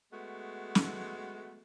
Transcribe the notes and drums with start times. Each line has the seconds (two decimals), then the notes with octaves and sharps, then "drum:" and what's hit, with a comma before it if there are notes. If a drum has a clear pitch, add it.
0.12 G#3 A3 B3 F#4
0.75 drum: snare